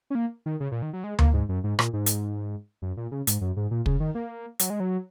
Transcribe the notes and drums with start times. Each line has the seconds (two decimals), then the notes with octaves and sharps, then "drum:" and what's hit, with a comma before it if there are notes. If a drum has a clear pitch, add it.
0.10 C#4
0.15 A#3
0.46 D#3
0.60 C#3
0.72 A#2
0.82 D#3
0.93 F#3
1.04 G#3
1.19 A#3, drum: tom D2
1.33 G#2
1.49 F#2
1.64 G#2
1.79 A#2, drum: rim click
1.93 G#2
2.06 drum: hi-hat
2.82 F#2
2.97 A#2
3.11 C#3
3.27 G#2, drum: hi-hat
3.41 F#2
3.57 G#2
3.71 A#2
3.86 C#3, drum: kick
4.00 D#3
4.15 A#3
4.59 F#3, drum: hi-hat
4.70 G#3
4.80 F#3